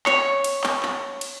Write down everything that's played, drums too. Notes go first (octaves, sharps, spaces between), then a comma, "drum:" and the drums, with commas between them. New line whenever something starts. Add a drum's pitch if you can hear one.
C#5, drum: clap
drum: cymbal
drum: clap
drum: clap
drum: cymbal